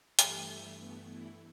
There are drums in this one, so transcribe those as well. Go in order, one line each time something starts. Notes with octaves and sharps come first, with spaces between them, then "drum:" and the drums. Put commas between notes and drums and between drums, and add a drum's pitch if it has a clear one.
G2 E3 A3 G4, drum: hi-hat
E4
G2 E3 A3 B3
E4